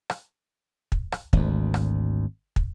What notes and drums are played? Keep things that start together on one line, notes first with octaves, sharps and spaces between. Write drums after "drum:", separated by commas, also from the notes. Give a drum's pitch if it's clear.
drum: rim click
drum: kick
drum: rim click
G#1 D2, drum: kick
drum: rim click
drum: kick